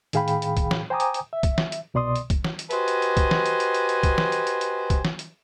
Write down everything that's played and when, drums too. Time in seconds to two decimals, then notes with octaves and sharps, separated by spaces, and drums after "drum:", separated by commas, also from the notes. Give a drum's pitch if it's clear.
0.13 A2 D#3 G#4 F5 G5 B5, drum: hi-hat
0.28 drum: hi-hat
0.42 drum: hi-hat
0.57 drum: kick, hi-hat
0.71 drum: snare
0.90 C5 G5 G#5 A#5 D6 D#6
1.00 drum: hi-hat
1.14 drum: hi-hat
1.33 E5
1.43 drum: kick, hi-hat
1.58 drum: snare
1.72 drum: hi-hat
1.94 C2 B2 D5 C6 D#6
2.16 drum: hi-hat
2.30 drum: kick, hi-hat
2.44 drum: snare
2.59 drum: hi-hat
2.71 F#4 G4 B4 C5 D#5 G#5, drum: hi-hat
2.88 drum: hi-hat
3.02 drum: hi-hat
3.17 drum: kick, hi-hat
3.31 drum: snare
3.46 drum: hi-hat
3.60 drum: hi-hat
3.75 drum: hi-hat
3.89 drum: hi-hat
4.03 drum: kick, hi-hat
4.18 drum: snare
4.32 drum: hi-hat
4.47 drum: hi-hat
4.61 drum: hi-hat
4.90 drum: kick, hi-hat
5.05 drum: snare
5.19 drum: hi-hat